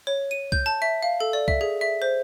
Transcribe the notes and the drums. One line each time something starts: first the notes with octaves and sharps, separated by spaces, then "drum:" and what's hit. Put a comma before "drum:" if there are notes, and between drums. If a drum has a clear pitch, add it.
C#5
D#7
G6, drum: kick C2
A5
E5
F5
A4
D5
E5, drum: kick C2
G#4
E5
C5